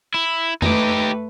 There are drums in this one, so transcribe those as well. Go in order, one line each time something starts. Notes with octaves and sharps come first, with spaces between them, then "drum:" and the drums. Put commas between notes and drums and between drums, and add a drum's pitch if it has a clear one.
E4
A3 D#4 G4 B4, drum: tom F2